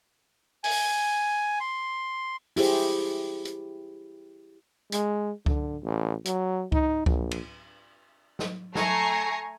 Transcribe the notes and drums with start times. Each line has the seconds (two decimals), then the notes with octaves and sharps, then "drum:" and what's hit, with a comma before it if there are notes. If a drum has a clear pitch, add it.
0.64 G#5, drum: open hi-hat
1.60 C6
2.56 E4 G4 G#4 C5, drum: open hi-hat
3.45 drum: hi-hat
4.92 G#3, drum: hi-hat
5.46 D3, drum: kick C#2
5.83 A1
6.25 F#3, drum: hi-hat
6.72 D#4, drum: kick C#2
7.06 A#1, drum: kick C#2
7.31 drum: cymbal
8.39 drum: snare
8.75 A3 G#5 A#5 C#6 A#6 C7, drum: snare